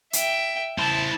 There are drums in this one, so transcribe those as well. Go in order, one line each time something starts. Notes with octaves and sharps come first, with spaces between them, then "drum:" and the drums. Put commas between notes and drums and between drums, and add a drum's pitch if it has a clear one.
E5 G5, drum: hi-hat
E4 C5 A5